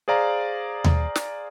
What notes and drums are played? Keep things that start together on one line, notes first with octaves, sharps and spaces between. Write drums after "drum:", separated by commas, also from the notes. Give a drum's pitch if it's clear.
G#4 C5 D5 F5 A#5
drum: tom D#2
drum: snare